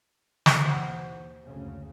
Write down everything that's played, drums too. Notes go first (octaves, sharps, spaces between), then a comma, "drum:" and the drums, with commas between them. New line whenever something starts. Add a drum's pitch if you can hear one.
drum: snare
D#2 B2 E3 C5 F#5
F#1 D2 C#3